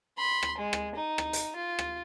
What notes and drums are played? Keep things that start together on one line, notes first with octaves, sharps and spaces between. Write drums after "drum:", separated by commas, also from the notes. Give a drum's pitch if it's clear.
B5 C6
drum: rim click
G#3
drum: rim click
D#4
drum: rim click
drum: hi-hat
F4
drum: rim click